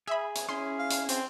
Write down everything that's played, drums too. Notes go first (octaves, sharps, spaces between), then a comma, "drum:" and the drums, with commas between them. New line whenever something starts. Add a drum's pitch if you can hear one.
G#4 E5 B5
drum: hi-hat
C#4 E4 G#4 C6
F5
drum: hi-hat
C4, drum: hi-hat